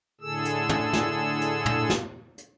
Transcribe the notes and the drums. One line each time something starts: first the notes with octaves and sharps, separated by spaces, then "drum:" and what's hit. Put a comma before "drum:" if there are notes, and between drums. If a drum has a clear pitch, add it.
A2 D3 G#4 A4 E6
drum: hi-hat
drum: tom
drum: snare
drum: hi-hat
drum: tom
drum: snare
drum: hi-hat